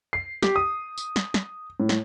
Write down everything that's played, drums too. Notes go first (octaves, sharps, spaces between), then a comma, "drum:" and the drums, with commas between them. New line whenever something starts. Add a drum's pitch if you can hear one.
C7
G4, drum: snare
D#6
drum: tambourine
drum: snare
drum: snare
A2
drum: snare